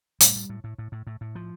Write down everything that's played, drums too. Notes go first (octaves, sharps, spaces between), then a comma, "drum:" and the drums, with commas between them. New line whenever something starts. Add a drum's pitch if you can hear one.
A2 G3, drum: hi-hat
A2
A2
A2
A2
A2
A2
A2
F3